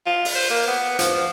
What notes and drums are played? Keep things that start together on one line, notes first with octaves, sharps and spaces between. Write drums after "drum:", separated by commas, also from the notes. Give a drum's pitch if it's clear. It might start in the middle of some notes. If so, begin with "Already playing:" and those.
F4
drum: open hi-hat
C5
A#3
B3
F3, drum: hi-hat